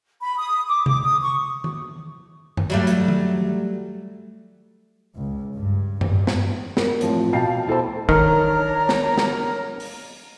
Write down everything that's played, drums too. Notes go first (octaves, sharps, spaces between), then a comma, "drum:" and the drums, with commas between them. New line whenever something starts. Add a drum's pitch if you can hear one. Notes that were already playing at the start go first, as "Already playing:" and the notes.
B5
D#6
D6
D6, drum: tom C3
D#6
C#6
drum: tom D#3
drum: tom F#2
F#3 G3 A3
drum: hi-hat
drum: tom D#3
C#2
G2
G2, drum: tom F#2
drum: snare
A#4, drum: snare
A1 F3 C4, drum: hi-hat
B2 F5 G5 A5 C7
E4 A4 C5 A5
D#3 D4 A#4 C#5 A#5 F6, drum: kick
drum: snare
drum: snare
drum: open hi-hat